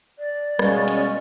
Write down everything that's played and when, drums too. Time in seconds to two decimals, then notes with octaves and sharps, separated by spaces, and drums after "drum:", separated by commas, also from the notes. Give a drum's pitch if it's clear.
0.18 D5
0.59 B2 G3 G#3 C#4 F5, drum: rim click
0.88 drum: hi-hat